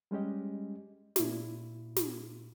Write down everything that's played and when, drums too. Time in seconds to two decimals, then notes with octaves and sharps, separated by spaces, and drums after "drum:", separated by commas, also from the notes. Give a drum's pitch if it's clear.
0.11 G3 G#3 C#4 G4 D#5
1.16 A#2 E4, drum: snare
1.96 drum: snare